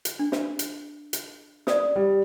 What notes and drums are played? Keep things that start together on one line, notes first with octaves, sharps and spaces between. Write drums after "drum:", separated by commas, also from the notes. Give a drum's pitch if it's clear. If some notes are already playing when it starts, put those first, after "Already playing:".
drum: hi-hat
D4
drum: snare
drum: hi-hat
drum: hi-hat
D5 D#6, drum: snare
G3